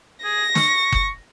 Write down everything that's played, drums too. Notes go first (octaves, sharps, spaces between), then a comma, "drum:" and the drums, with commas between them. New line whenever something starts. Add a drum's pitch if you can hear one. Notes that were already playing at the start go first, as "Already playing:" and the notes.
G#4 A#6
C#6, drum: snare
drum: kick F#1